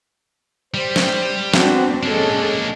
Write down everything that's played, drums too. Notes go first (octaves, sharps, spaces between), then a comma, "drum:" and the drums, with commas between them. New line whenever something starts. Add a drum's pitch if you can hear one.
G3 C5
drum: snare
B3 C4 D4 F#4, drum: snare
G#3 A#3 C#4 D4 A4